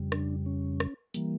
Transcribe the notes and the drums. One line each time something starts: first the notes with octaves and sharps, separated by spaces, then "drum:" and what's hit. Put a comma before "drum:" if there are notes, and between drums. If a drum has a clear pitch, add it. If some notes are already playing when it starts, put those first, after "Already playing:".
Already playing: F2 C#3 G3
D4, drum: rim click
C#4
drum: rim click
E3 G3 A#3, drum: hi-hat